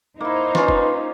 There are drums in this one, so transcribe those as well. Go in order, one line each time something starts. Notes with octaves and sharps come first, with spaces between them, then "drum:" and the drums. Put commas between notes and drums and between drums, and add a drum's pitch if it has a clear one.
A#3 D#4 E4 C5
C#4 F4 B4, drum: snare
drum: kick